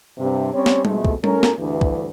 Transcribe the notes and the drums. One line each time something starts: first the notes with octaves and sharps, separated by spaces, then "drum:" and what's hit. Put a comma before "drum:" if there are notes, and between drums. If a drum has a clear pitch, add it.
G2 C3
G3 C4 C#4 C#5
drum: snare
F2 B2 G#3 A3, drum: tom G3
drum: kick
A2 C#4 A#4, drum: tom G3
drum: snare
D2 G2 E3
drum: kick